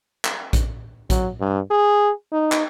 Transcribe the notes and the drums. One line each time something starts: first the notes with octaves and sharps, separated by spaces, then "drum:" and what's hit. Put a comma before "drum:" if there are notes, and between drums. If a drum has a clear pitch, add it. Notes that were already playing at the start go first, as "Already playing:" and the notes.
drum: clap
drum: kick A#1, hi-hat
F#3, drum: kick A#1, hi-hat
G2
G#4
D#4
drum: clap